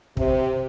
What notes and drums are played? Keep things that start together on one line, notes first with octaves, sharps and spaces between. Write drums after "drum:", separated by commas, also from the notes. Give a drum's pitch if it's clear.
C3, drum: kick